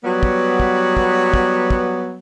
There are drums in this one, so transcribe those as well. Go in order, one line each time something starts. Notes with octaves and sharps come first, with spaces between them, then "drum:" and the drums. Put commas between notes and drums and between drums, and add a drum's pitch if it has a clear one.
F#3 G3 B3
drum: kick
drum: kick
drum: kick
drum: kick
drum: kick